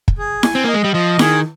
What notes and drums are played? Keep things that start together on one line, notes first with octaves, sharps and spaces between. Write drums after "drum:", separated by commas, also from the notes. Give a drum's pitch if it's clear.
drum: kick
G#4
G#5, drum: snare E4
C4
A#3 D#5
G#3
G3
F3 D#5
D#3 G#4, drum: snare E4